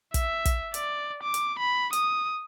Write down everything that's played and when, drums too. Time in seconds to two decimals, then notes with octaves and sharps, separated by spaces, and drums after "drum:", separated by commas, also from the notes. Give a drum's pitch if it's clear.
0.14 E5, drum: kick, hi-hat
0.45 drum: kick, hi-hat
0.74 D5, drum: hi-hat
1.23 D6
1.34 drum: hi-hat
1.59 B5
1.93 D#6, drum: hi-hat